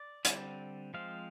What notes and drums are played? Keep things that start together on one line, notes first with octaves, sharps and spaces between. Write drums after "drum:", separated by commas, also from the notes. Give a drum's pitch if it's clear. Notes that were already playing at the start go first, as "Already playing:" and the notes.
Already playing: D5
D3 G3 C4, drum: hi-hat
F3 G#3 C4 F5